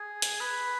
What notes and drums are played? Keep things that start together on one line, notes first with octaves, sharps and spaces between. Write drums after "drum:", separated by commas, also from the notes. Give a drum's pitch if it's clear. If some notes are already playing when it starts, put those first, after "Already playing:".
Already playing: G#4
drum: hi-hat
B4